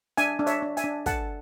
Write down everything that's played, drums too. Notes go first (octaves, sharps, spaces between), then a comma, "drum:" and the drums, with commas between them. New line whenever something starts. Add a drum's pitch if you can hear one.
D4 E5 G#5, drum: hi-hat
D4
C#5 E5, drum: hi-hat
D4
E5 G#5, drum: hi-hat
D4
A4 F#5 A5, drum: kick, hi-hat